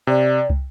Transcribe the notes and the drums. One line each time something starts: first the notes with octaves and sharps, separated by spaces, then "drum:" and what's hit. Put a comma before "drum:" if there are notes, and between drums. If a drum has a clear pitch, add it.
C3 D5
drum: kick